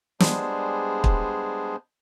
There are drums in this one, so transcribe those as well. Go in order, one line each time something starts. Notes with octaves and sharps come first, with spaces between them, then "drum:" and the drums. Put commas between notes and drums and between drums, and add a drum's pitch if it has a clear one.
G3 G#3 B3 D4 G#4 C5, drum: snare
drum: kick